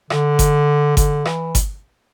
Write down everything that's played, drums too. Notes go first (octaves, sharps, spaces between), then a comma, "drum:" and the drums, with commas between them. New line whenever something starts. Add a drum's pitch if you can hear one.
D3, drum: rim click
drum: kick G1, hi-hat
D3, drum: kick G1, hi-hat
E3, drum: rim click
drum: kick G1, hi-hat